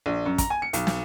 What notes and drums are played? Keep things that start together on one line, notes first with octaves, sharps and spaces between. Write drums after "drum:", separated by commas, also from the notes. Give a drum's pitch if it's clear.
A#1
F#2
A#5, drum: kick, hi-hat
G#5
C#7
B1, drum: hi-hat
drum: snare